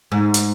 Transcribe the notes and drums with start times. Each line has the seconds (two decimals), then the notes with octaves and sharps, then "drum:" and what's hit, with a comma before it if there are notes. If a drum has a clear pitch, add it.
0.12 G#2
0.34 drum: hi-hat